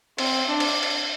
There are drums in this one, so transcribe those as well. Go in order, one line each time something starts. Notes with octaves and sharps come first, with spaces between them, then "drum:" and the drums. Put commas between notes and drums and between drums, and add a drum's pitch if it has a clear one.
C4, drum: cymbal
D4
drum: cymbal
drum: cymbal